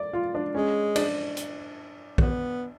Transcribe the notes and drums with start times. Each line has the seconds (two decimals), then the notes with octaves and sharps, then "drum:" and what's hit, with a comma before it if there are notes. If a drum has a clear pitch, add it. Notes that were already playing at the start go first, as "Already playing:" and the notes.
Already playing: D5
0.13 F4
0.35 D4
0.55 G#3 C#4
0.96 D4, drum: cymbal
1.37 drum: hi-hat
2.18 B3, drum: kick A#1